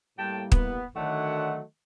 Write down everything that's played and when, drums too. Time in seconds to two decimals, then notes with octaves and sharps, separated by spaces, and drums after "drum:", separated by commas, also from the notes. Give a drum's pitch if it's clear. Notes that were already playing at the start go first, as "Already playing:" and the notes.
0.19 A2 G3 A#3 E4 G5 A5
0.52 B3, drum: kick
0.96 D3 D#3 F#3 A3 D#5 F#5